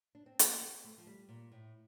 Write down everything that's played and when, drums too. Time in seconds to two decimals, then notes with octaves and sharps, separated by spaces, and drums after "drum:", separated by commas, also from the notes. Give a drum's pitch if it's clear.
0.15 D4
0.26 C4
0.39 A#3, drum: hi-hat
0.61 C4
0.84 A3
0.98 F3
1.07 G3
1.29 A#2
1.52 A2